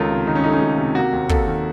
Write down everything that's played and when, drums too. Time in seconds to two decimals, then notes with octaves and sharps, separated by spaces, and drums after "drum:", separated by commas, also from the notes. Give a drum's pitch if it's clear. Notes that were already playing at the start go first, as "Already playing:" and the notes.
Already playing: C#2 D#3 A3 F4 A4 A#4 C#5
0.10 C3
0.27 D#3 D#4
0.36 C#4
0.44 A3 D#4
0.53 C#4
0.62 C#2
0.78 C3
0.95 A#3 F#4
1.13 D#2
1.29 D#2 A4, drum: kick
1.46 D#3